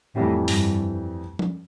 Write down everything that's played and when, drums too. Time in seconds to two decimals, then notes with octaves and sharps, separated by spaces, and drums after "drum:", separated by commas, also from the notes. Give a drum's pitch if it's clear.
0.15 F2 A2 E3 G3 C4 G4
0.48 G2, drum: open hi-hat
1.39 drum: tom F3